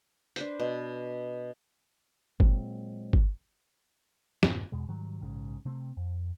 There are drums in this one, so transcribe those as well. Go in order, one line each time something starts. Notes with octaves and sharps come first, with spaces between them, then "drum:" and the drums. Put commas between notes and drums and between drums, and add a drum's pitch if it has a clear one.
D4 B4 C5, drum: hi-hat
B2
A#2 F#3 G#3 C4, drum: kick G1
drum: kick G1
E1 G2 A#2 D#3, drum: snare
E2 B2 G#3
G#2 D#3 F#3 G3
A#1 G#2 C#3
C3 A3 C4
F2